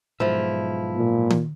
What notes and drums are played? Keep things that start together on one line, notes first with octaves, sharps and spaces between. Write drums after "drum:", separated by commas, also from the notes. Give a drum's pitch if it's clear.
B1 G#2 F3 E4 E5
A#2
drum: tom D#3